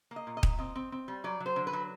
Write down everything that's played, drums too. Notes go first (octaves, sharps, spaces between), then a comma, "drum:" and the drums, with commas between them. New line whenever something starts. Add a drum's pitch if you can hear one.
A#3
D#5
A#2
D#5
A#2, drum: kick D#1
C4 D#5
C4
C4
G3
F#3 D5
F#3
C5
D3
B4
F#3